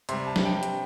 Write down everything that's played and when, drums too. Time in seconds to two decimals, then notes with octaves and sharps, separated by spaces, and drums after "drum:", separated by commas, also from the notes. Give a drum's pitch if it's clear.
0.09 C3 G3 C6, drum: hi-hat
0.27 A5
0.36 drum: snare
0.45 G5
0.63 drum: hi-hat